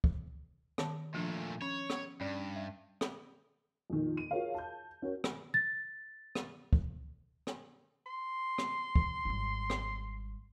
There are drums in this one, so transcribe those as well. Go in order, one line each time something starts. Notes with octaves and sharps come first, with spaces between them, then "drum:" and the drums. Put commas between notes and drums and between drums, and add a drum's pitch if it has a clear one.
drum: kick
D#3 A5, drum: rim click
A#2 F3 A3 D4
C#4 C#5
drum: rim click
G2 C#4 D5
E5
drum: rim click
F2 A#2 D#3
D#7
F4 F#4 G#4 A#4 C#5 F5
A5 G6
C#4 F#4 A#4
drum: rim click
A6
drum: rim click
drum: kick
drum: rim click
C6
drum: rim click
drum: kick
G#1 G3
drum: rim click